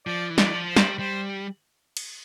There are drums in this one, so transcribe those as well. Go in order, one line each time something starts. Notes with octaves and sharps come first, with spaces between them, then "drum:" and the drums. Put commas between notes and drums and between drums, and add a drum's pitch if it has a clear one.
F3 D5
E3
D5, drum: snare
F3
C5
G3, drum: snare
G3 C5
drum: cymbal